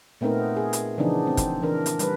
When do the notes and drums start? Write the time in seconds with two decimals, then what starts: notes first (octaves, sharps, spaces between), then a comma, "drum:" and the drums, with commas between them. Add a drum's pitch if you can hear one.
0.21 A#2 A3 B3 C4 D#4 A#4
0.57 G#4
0.73 drum: hi-hat
0.98 C#3 E3 F3 B3 D4 D#4
1.27 C4
1.37 drum: kick, hi-hat
1.62 E3 D4 A#4
1.86 drum: hi-hat
1.99 G3 B4, drum: hi-hat